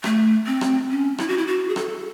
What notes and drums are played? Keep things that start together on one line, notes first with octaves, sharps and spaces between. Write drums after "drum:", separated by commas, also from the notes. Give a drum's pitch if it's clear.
A3, drum: rim click
C4
drum: rim click
C#4
E4, drum: rim click
F#4
E4
F#4
G#4
A4, drum: rim click